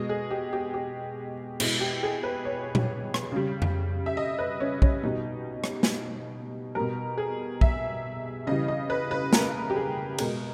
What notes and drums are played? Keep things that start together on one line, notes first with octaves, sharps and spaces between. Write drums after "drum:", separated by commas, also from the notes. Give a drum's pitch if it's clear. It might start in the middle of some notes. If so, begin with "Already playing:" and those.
Already playing: B2 G#3 D#5
G#4
G4
G4
G4
B2 G#3 E4, drum: cymbal
G4
G#4
B4
C#5
drum: tom A#2
drum: rim click
C#3 G3
drum: tom F2
E5
D#5
B4
C#4
C#4, drum: kick
B2 G3 D#4
drum: rim click
drum: snare
B2 G3 A#4
G#4
E5, drum: kick
C#3 E3 G3 D#5
D#5
B4
B4
A#4, drum: snare
G4
G#4
B2 G#3 A#4, drum: cymbal